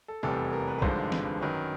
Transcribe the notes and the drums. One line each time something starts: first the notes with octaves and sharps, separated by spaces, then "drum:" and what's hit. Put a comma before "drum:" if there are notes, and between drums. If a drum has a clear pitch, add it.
A4
F1 E2 C3 E3 G3 A4
A#4
B4
B4
G#1 G2 D3 F3 G#3 C5, drum: kick
B4, drum: snare
F#2 D#3 F#3 B4